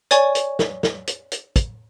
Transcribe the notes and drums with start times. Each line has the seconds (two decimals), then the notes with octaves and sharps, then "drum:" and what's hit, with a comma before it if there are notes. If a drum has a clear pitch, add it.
0.11 C#5 D5 G#5 C#6, drum: hi-hat
0.35 drum: hi-hat
0.59 drum: snare
0.83 drum: snare
1.07 drum: hi-hat
1.32 drum: hi-hat
1.56 drum: kick, hi-hat